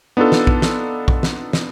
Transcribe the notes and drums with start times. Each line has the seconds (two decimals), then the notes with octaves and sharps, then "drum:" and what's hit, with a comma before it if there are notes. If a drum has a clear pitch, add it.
0.17 B3 D4 D#4 F4 A4
0.32 drum: snare
0.47 drum: kick A#1
0.62 drum: snare
1.08 drum: kick A#1
1.23 drum: snare
1.53 drum: snare